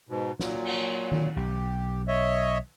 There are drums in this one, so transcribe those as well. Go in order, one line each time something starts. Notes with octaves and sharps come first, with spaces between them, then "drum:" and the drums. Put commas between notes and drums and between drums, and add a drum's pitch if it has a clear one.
G#2 B2
A#2 F#3, drum: snare
drum: cymbal
drum: tom D#3
B1 G4
C#5 D#5 E5